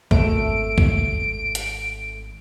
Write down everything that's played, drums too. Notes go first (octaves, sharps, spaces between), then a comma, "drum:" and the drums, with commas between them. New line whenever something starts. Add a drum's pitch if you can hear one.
G#1 A3 D7, drum: kick
drum: kick
drum: hi-hat